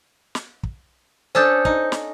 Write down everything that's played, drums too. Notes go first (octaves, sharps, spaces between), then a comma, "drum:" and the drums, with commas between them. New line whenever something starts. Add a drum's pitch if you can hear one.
drum: snare
drum: kick
C#4 D4 A4 C5 D#6 G6
D#4, drum: kick
drum: snare